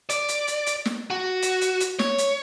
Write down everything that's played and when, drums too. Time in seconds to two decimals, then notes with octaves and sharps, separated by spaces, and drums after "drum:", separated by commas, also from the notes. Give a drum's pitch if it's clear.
0.10 D5, drum: hi-hat
0.29 drum: hi-hat
0.47 drum: hi-hat
0.66 drum: hi-hat
0.85 drum: snare
1.10 F#4
1.42 drum: hi-hat
1.61 drum: hi-hat
1.80 drum: hi-hat
1.99 C#5, drum: snare
2.18 drum: hi-hat